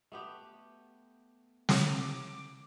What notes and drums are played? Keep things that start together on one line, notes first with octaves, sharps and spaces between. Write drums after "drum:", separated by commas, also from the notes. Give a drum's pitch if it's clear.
A3 B3 G4
D6, drum: snare